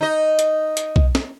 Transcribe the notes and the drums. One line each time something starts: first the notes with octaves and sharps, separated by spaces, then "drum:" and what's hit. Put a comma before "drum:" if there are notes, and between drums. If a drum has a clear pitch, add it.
D#4 D#5
drum: hi-hat
drum: hi-hat
drum: kick
drum: snare